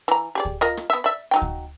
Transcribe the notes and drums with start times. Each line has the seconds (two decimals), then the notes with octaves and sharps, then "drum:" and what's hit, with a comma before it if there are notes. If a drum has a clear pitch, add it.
0.08 E3 A#5
0.35 G4 G#4 D5
0.45 drum: kick D2
0.61 F4 A#4 D#5
0.77 drum: rim click
0.90 B3 E5
1.04 D5 E5
1.31 F#3 D#4 G5
1.42 drum: kick D2